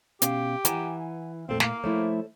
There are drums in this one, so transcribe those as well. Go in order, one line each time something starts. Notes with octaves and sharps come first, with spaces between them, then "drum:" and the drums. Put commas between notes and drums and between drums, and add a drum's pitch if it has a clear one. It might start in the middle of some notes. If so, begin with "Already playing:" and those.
B2 C#4 G4 F5, drum: hi-hat
E3 F#5 G#5 A#5, drum: hi-hat
F2 A#2 A3 C4 A4 F5
A#3 F5 G5, drum: snare
F3 A3 E4 A4 C5 C#5